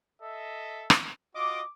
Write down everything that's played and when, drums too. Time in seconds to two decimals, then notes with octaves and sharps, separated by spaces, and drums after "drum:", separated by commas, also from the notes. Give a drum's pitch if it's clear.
0.22 A4 D#5 E5
0.90 drum: rim click
1.35 F4 F#4 D#5 D6